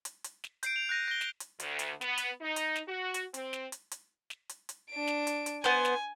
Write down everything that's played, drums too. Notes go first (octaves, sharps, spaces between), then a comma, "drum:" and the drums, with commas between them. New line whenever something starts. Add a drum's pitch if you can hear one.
drum: hi-hat
drum: hi-hat
drum: snare
G6 C7 D7, drum: hi-hat
F7
F#6 G6 A#6 D#7
A#6 G7
drum: snare
drum: hi-hat
D2, drum: hi-hat
drum: hi-hat
B3, drum: snare
drum: hi-hat
D#4
drum: hi-hat
drum: snare
F#4
drum: hi-hat
C4, drum: hi-hat
drum: snare
drum: hi-hat
drum: hi-hat
drum: snare
drum: hi-hat
drum: hi-hat
D4 D7
drum: snare
drum: hi-hat
drum: hi-hat
B3 C5 G#5
drum: snare